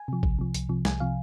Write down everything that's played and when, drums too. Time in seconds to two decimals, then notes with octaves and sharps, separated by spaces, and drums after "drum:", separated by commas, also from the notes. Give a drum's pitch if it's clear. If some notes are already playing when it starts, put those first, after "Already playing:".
Already playing: G#5
0.08 C3 F3
0.23 C2, drum: kick G#1
0.39 C3 F3
0.54 C2, drum: hi-hat
0.69 C3 F3
0.85 C2 G#5, drum: snare
1.00 C3 F3 F5